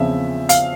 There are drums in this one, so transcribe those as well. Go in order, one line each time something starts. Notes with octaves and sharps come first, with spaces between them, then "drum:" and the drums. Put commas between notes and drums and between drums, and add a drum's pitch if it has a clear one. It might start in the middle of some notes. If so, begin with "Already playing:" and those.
Already playing: E2 C#3 F3 C4 E5
F5, drum: hi-hat